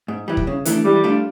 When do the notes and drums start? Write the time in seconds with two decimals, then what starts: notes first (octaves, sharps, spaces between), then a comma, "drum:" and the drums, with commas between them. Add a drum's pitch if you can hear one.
0.08 G#2
0.28 E3 G3
0.37 drum: kick
0.47 C#3
0.65 E3 A3 D4, drum: hi-hat
0.84 E3 G3
1.04 A3 D4 F4